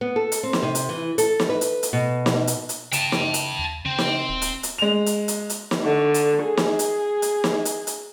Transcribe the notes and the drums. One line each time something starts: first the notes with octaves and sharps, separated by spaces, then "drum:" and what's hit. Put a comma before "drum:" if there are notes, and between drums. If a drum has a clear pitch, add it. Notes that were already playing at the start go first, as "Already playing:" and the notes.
B3
A4
drum: hi-hat
C4
drum: snare
C3
drum: hi-hat
E3
A4, drum: hi-hat
drum: snare
B4
drum: hi-hat
drum: hi-hat
B2
drum: snare
drum: hi-hat
drum: hi-hat
C#3 G5 A5, drum: hi-hat
drum: snare
drum: hi-hat
D#2
C#3 C4
drum: snare
D1
drum: hi-hat
drum: hi-hat
G#3 F7
drum: hi-hat
drum: hi-hat
drum: hi-hat
drum: snare
D3
drum: hi-hat
G#4
drum: snare
drum: hi-hat
drum: hi-hat
drum: snare
drum: hi-hat
drum: hi-hat